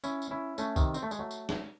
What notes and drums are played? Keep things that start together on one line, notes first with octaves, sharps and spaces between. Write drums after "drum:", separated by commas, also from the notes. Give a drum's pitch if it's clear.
C#4 E4, drum: tambourine
drum: tambourine
C#4 E4
A3 C#4, drum: tambourine
C3 D#3, drum: kick B1, tambourine
C4, drum: tambourine
A3
G#3, drum: tambourine
F#3 A3
drum: tambourine
drum: snare